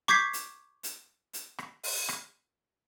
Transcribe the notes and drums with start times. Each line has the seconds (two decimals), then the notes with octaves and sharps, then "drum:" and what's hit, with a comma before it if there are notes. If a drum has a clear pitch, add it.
0.08 C#6 D6 G6 G#6 B6 C7, drum: rim click
0.33 drum: hi-hat
0.83 drum: hi-hat
1.33 drum: hi-hat
1.58 drum: rim click
1.84 drum: open hi-hat
2.09 drum: rim click